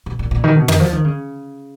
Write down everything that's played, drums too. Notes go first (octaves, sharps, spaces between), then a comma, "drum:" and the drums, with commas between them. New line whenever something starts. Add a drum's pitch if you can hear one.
B2
A#2
A#2
D#3
B2
D#3, drum: tom
F3
D#3
C#3